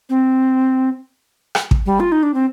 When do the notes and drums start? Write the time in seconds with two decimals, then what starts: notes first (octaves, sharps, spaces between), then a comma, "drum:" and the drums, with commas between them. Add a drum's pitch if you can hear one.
0.10 C4
1.55 drum: rim click
1.71 drum: kick
1.86 G3
2.00 F4
2.12 D#4
2.23 D4
2.34 C4